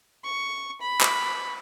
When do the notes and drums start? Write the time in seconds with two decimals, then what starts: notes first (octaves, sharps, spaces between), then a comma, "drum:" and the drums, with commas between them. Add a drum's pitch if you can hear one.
0.25 C#6
0.81 B5
1.01 drum: clap